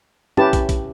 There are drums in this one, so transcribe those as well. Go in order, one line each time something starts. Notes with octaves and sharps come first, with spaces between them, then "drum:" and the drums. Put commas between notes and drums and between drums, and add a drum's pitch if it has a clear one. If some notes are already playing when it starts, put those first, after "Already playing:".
C#4 E4 G4 B4 A5, drum: tom
drum: kick, hi-hat
drum: kick, hi-hat